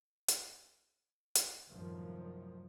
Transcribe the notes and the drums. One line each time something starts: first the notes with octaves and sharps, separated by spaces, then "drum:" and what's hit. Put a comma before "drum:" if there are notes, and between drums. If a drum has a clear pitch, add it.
drum: hi-hat
drum: hi-hat
C2 F#2 A2 D#3 F3